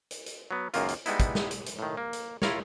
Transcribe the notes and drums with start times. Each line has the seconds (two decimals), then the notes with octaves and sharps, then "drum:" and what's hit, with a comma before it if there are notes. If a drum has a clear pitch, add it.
0.11 drum: hi-hat
0.26 drum: hi-hat
0.51 F#3 B3
0.74 C#2 F#2 D#3 A#3 F4, drum: hi-hat
0.88 drum: hi-hat
1.06 G3 G#3 B3 D#4 E4, drum: hi-hat
1.20 drum: kick, hi-hat
1.35 drum: snare
1.51 drum: hi-hat
1.66 drum: hi-hat
1.79 A2 D#3
1.97 A#3
2.13 drum: hi-hat
2.42 E4 F4 A#4 C#5, drum: snare